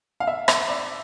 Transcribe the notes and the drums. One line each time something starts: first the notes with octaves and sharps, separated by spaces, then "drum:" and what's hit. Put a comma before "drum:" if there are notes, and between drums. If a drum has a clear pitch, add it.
F5
E5
E5, drum: rim click
D5